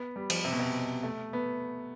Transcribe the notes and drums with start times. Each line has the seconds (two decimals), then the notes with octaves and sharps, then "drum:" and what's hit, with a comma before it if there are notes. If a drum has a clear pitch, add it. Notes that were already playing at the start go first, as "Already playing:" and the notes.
Already playing: B3
0.16 G3
0.30 F3, drum: cymbal
0.45 C3
0.52 B2
0.59 C3
1.03 A3
1.33 B3